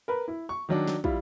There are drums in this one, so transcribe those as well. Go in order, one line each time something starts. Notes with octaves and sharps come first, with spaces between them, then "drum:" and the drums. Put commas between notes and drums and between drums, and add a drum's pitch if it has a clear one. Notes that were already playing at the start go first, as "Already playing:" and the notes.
A#4 B4
E4
C#6
D#3 F#3 D4
drum: snare
G3 E4 F4, drum: kick